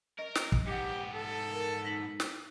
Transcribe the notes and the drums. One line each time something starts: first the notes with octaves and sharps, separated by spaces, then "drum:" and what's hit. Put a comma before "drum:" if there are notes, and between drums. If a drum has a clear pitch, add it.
A#4 D#5
drum: snare
drum: kick
G#2 B3 G4 F#5 D6 C#7
A4
A#4
D#4 A#6 B6 F#7
drum: snare